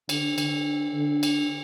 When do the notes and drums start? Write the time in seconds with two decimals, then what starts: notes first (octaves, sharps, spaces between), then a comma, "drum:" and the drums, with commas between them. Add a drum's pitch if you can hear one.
0.09 D3, drum: cymbal
0.38 D3, drum: cymbal
0.94 D3
1.23 drum: cymbal